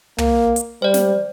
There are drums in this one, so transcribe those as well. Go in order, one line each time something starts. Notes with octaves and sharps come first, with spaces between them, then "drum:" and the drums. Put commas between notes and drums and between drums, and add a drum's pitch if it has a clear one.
A#3, drum: tom
drum: hi-hat
G3 C5 D5
drum: snare